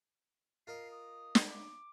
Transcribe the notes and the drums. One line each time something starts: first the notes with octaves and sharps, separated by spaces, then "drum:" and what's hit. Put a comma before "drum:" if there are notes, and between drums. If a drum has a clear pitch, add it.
F4 A#4 D#5 C7
D#6
drum: snare
D6